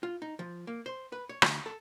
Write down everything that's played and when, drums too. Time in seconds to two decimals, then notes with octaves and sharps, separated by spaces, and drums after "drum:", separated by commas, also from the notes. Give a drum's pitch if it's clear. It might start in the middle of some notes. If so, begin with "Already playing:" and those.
0.03 F4
0.22 D#4
0.39 F3
0.67 A#3
0.86 C5
1.12 B4
1.29 C#5
1.42 D2, drum: rim click
1.66 A4